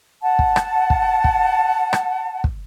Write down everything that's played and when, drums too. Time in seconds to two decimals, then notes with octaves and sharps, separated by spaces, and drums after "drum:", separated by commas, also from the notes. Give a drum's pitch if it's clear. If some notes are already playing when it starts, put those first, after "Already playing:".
0.22 F#5 A5
0.39 drum: kick
0.56 drum: rim click
0.90 drum: kick
1.24 drum: kick
1.93 drum: rim click
2.44 drum: kick